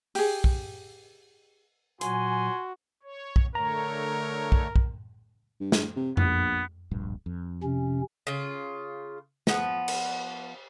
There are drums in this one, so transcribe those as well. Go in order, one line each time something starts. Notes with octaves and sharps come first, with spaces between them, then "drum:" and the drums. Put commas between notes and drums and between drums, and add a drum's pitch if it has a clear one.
G4 G#4, drum: open hi-hat
drum: kick
A#2 F#3 F#4 G#5 C6, drum: hi-hat
C#5
drum: kick
D3 A3 A#4 C#5 A#5
drum: kick
drum: kick
G2
drum: snare
C3
A#1 B3, drum: tom F2
D1 A#1 G2
F2
C3 C#4
C#3 F4
F3 B3, drum: snare
drum: cymbal